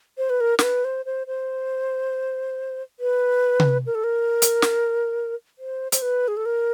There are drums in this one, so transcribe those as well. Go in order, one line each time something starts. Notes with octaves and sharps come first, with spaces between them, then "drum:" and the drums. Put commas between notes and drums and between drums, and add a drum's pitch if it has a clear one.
C5
B4
A#4
A#4, drum: snare
B4
C5
C5
C5
B4
drum: tom C3
A#4
A4
A#4
drum: hi-hat
drum: snare
C5
C5, drum: hi-hat
B4
G#4
A4
A#4